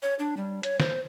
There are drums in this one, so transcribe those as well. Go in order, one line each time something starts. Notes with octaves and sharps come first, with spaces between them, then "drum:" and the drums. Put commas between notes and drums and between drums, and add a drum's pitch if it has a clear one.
C#5
D4
G3
C#5, drum: hi-hat
C5, drum: snare